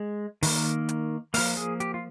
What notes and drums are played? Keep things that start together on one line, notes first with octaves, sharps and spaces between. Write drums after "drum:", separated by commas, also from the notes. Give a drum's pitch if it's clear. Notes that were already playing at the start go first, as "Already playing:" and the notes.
Already playing: G#3
D#3 A#3, drum: open hi-hat
drum: hi-hat
F3 A#3 F5, drum: open hi-hat
G#4
G4, drum: hi-hat
F4